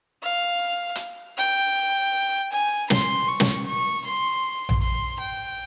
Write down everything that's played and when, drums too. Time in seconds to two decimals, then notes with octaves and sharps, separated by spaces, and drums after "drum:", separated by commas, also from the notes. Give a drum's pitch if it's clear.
0.22 F5
0.96 drum: hi-hat
1.37 G5
2.51 G#5
2.90 C6, drum: snare
3.28 C#6
3.40 drum: snare
3.66 C#6
4.05 C6
4.69 drum: tom A#1
4.81 C6
5.20 G5